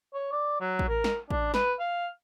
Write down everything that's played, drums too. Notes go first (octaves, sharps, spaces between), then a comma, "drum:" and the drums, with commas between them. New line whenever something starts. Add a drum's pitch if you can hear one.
C#5
D5
F#3
drum: kick A1
A#4
drum: snare
D4, drum: kick A1
B4, drum: snare
F5